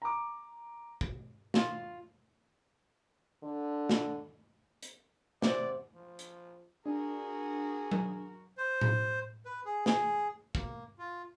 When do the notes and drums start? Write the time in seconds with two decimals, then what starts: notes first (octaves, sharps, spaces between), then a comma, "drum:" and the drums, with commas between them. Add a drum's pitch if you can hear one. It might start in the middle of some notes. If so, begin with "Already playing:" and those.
0.02 A#5 D6
1.01 drum: kick
1.54 F4, drum: snare
3.43 D3
3.89 drum: snare
4.83 drum: hi-hat
5.42 C3 D5 F#5, drum: snare
5.94 F3
6.19 drum: hi-hat
6.86 D4 F#4 G#4 A#4
7.92 drum: tom F#3
8.57 C5
8.81 drum: tom A2
9.45 B4
9.65 G#4
9.86 G#4, drum: snare
10.55 A#3, drum: kick
10.98 F4